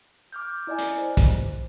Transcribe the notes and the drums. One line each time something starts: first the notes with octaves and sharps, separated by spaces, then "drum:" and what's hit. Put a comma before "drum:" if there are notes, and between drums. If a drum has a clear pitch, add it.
D6 F6 G6
E4 D5 D#5 G#5
drum: hi-hat
C5
drum: kick, hi-hat